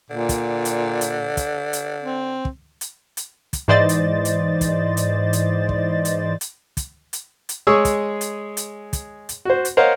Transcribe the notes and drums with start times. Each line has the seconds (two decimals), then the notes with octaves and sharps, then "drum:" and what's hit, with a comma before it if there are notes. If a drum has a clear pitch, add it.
0.10 A#2 D3
0.29 drum: kick, hi-hat
0.65 drum: hi-hat
1.01 drum: hi-hat
1.37 drum: kick, hi-hat
1.73 drum: hi-hat
2.02 C4
2.45 drum: kick
2.81 drum: hi-hat
3.17 drum: hi-hat
3.53 drum: kick, hi-hat
3.68 G#2 E3 C5 D5 D#5 A6
3.89 drum: hi-hat
4.25 drum: hi-hat
4.61 drum: kick, hi-hat
4.97 drum: hi-hat
5.33 drum: hi-hat
5.69 drum: kick
6.05 drum: hi-hat
6.41 drum: hi-hat
6.77 drum: kick, hi-hat
7.13 drum: hi-hat
7.49 drum: hi-hat
7.67 G#3 G#4 C#5 C#6 D#6 E6
7.85 drum: kick, hi-hat
8.21 drum: hi-hat
8.57 drum: hi-hat
8.93 drum: kick, hi-hat
9.29 drum: hi-hat
9.45 F#4 C5
9.65 drum: hi-hat
9.77 A#4 C5 C#5 D#5 F5 F#5